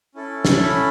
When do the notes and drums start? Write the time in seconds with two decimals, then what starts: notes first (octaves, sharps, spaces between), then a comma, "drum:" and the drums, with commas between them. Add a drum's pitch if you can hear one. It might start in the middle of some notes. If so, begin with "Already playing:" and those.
0.15 C#4 E4 A4
0.45 drum: snare
0.62 B5